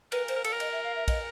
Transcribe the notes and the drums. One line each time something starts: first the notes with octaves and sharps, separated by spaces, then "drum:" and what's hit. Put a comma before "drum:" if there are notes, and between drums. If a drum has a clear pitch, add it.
A#4 B4, drum: cymbal
C5, drum: cymbal
A#4
A4, drum: cymbal
A#4
D#5, drum: cymbal
E5
F5
E5
D#5, drum: kick, cymbal